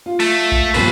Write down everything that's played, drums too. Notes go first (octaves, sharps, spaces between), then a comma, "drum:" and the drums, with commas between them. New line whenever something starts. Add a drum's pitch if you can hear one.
F4
A3, drum: cymbal
drum: kick
D#1 D#2 F3 B4 C5, drum: open hi-hat